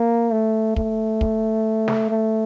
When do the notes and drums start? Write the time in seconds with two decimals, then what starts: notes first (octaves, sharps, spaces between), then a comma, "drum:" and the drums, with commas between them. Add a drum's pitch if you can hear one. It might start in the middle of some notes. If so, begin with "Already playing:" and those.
Already playing: A#3
0.32 A3
0.76 A3, drum: kick
1.21 drum: kick
1.88 drum: snare
2.10 A3